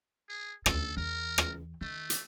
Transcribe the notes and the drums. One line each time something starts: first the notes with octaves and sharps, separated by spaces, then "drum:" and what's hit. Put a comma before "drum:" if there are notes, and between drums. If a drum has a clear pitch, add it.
G#4
D2 D3 A4, drum: rim click
E2 A#4
drum: rim click
D#3 A3
drum: hi-hat